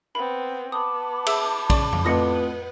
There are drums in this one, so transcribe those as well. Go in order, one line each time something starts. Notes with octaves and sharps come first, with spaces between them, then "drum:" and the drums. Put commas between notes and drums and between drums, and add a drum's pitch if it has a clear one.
B3 C4 B5
B3 A5 B5 D6 D#6
G#4 E5 E6, drum: cymbal
C#3 D5 C#6, drum: kick A#1, cymbal
drum: tom F2
F2 A2 B3 F4 B4 D#6 A#6 C#7